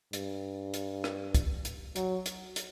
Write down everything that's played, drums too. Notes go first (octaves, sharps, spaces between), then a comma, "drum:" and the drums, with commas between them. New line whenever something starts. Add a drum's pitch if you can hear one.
G2, drum: hi-hat
drum: hi-hat
drum: rim click
drum: kick, hi-hat
drum: hi-hat
F#3, drum: hi-hat
drum: hi-hat
drum: hi-hat